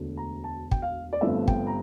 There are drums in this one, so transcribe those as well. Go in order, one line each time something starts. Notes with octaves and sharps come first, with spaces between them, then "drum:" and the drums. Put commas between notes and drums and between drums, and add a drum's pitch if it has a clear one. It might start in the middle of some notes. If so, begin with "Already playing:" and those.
Already playing: E1 D2 D3 A3
A#5
A5
G5, drum: kick
F5
D5
G1 G2 F3 A3 C4 E5
G5, drum: kick
A#5